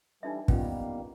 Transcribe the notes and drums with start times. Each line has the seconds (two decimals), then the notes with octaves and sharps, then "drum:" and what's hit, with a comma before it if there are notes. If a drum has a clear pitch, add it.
0.23 E3 G3 A3 D4 D#4 E5
0.48 D#3 G3 A#3 B3 C#4 F4, drum: kick